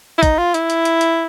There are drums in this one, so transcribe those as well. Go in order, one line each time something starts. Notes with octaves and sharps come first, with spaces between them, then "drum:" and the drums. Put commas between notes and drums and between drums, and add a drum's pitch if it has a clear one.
E4
D#4, drum: kick, hi-hat
F4
E4, drum: hi-hat
drum: hi-hat
drum: hi-hat
drum: hi-hat